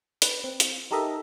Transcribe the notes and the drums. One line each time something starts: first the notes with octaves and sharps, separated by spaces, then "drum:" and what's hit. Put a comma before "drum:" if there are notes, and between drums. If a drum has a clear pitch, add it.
B4, drum: hi-hat
C4
drum: hi-hat
D#4 G4 A4 A#4 D#5 E5